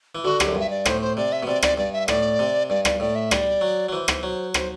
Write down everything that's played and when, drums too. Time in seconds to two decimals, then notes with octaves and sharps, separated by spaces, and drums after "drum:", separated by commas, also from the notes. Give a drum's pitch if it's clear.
0.15 E3
0.24 D3 F#4
0.40 G4, drum: rim click
0.46 F#2
0.55 G2
0.60 E5
0.70 D5
0.85 A2 C5, drum: rim click
1.02 C5
1.17 C3 D5
1.32 E5
1.43 B2
1.47 C3 D5
1.62 D5, drum: rim click
1.78 G2 D5
1.93 E5
2.08 A2 D5, drum: rim click
2.39 C3
2.70 G2 D5
2.85 D5, drum: rim click
3.00 A2 D5
3.15 E5
3.31 G3 D5, drum: rim click
3.61 F#3
3.89 F#3
3.92 E3 C5
4.08 drum: rim click
4.23 F#3
4.54 C5, drum: rim click